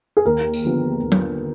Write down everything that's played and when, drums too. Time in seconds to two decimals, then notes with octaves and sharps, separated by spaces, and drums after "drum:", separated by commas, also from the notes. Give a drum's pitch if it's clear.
0.17 G#4
0.25 D#2 A#4
0.54 drum: tambourine
0.65 D3 F3 B3
1.03 D#2
1.12 drum: tom F#3